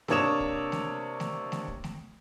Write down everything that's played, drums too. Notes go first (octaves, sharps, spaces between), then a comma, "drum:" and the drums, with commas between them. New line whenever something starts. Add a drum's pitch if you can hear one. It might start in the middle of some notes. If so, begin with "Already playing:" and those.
C3 A#3 D4 C#5 D#6 E7, drum: snare A3
drum: kick
drum: snare A3
drum: snare A3
drum: snare A3
drum: kick
drum: snare A3